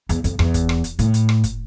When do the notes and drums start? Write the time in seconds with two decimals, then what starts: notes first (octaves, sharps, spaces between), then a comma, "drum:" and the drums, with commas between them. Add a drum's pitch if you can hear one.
0.09 E2, drum: hi-hat
0.24 F2, drum: hi-hat
0.39 E2, drum: rim click
0.54 drum: kick, hi-hat
0.69 drum: rim click
0.84 drum: hi-hat
0.99 A2, drum: hi-hat
1.14 drum: hi-hat
1.29 drum: rim click
1.44 drum: kick, hi-hat